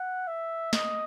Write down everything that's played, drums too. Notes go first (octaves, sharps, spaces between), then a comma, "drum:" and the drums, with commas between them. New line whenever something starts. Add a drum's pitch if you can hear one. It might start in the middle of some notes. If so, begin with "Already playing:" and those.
Already playing: F#5
E5
D#5, drum: snare